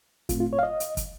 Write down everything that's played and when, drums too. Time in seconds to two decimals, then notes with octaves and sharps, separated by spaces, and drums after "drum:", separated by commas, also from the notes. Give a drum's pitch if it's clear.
0.29 A2 A3 C4 F4, drum: kick, hi-hat
0.40 F4
0.53 C#5
0.59 F5
0.63 D#5
0.80 drum: hi-hat
0.97 drum: kick, hi-hat